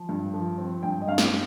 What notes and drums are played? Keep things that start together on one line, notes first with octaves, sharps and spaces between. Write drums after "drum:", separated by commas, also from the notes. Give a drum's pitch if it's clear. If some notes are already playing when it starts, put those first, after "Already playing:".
Already playing: F3
G2
F3
C4
G2 G5
D#5
G2 F5
drum: snare